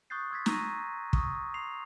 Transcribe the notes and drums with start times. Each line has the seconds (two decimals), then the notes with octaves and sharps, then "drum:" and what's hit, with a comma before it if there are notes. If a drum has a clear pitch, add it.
0.10 C#6 D#6 F#6 G6 A6 C7
0.31 C6 E6 G#6 A6 B6
0.46 A#5 C#6 E6 A#6 D#7, drum: snare
1.13 C#6 D#6 E6, drum: kick
1.54 C6 C7 F7